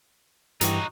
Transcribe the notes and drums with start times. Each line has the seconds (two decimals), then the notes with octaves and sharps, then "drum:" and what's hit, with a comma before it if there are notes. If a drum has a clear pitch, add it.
0.61 G2 E3 D#4 F#4 G4, drum: hi-hat